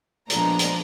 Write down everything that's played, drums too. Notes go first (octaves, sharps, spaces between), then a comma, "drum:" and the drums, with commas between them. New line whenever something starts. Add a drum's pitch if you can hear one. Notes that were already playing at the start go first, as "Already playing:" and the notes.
A#2 F3 G#3 B3 D4 A#5, drum: hi-hat
drum: hi-hat